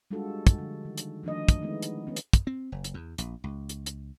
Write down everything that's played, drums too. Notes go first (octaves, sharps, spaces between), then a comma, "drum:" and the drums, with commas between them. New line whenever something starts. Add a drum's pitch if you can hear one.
G3 G#3 D4 F4 F#4 A4
drum: kick, hi-hat
D3 F3
D#3
drum: hi-hat
D#3 F3 A3 D4 D#4 D#5
drum: kick, hi-hat
D#3 G#3 A3 B3 E4
drum: hi-hat
B3 C#4
drum: hi-hat
drum: kick, hi-hat
C4
F#1
drum: hi-hat
E2
A#1, drum: hi-hat
C#2
drum: hi-hat
drum: hi-hat